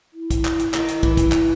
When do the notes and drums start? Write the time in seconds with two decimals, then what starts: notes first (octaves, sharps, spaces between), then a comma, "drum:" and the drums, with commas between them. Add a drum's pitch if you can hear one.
0.14 E4
0.31 drum: kick, hi-hat
0.45 drum: clap
0.59 drum: hi-hat
0.74 D#3, drum: clap
0.88 drum: hi-hat
1.03 E3, drum: kick
1.17 drum: kick, hi-hat
1.32 drum: clap